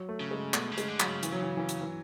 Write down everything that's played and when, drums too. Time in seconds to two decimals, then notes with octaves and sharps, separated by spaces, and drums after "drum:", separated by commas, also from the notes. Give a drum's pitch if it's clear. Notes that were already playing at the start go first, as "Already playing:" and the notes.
Already playing: F#3
0.09 A3
0.20 C#3
0.31 G#3
0.54 B2 A3, drum: clap
0.72 C#3
0.78 G#3, drum: hi-hat
0.88 D3
1.00 F#3, drum: clap
1.06 C#3
1.23 E3, drum: hi-hat
1.32 F#3
1.42 E3
1.57 E3
1.69 drum: hi-hat
1.81 E3